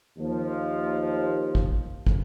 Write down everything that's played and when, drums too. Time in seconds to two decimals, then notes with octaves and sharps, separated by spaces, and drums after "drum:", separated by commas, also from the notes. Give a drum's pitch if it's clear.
0.17 D#2 F3
1.55 drum: kick
2.07 drum: kick